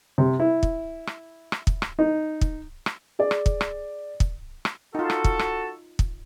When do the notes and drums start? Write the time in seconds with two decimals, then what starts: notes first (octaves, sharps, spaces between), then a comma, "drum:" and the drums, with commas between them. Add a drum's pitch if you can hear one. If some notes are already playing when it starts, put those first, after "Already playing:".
0.18 C3
0.40 E4
0.63 drum: kick
1.07 drum: rim click
1.52 drum: rim click
1.67 drum: kick
1.82 drum: rim click
1.99 D#4
2.41 drum: kick
2.86 drum: rim click
3.19 G#4 D5
3.31 drum: rim click
3.46 drum: kick
3.61 drum: rim click
4.20 drum: kick
4.65 drum: rim click
4.95 D#4 F4 F#4 A4
5.10 drum: rim click
5.24 drum: kick
5.39 drum: rim click
5.99 drum: kick